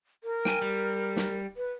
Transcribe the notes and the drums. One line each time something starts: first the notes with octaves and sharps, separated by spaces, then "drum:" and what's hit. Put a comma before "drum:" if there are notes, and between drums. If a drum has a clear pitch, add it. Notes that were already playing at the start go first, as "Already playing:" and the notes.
A#4
G5 G#5, drum: snare
G3
drum: snare
B4